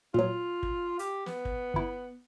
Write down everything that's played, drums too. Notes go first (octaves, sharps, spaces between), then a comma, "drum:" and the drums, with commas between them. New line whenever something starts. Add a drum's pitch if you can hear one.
A#2 F#3 F4
drum: kick
G4, drum: hi-hat
B3, drum: snare
drum: kick
G1 E4